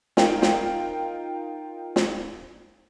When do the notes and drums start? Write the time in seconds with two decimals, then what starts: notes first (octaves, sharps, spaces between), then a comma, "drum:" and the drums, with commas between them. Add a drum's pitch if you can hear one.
0.17 D#4 F4 A#4 G5, drum: snare
0.42 drum: snare
1.96 drum: snare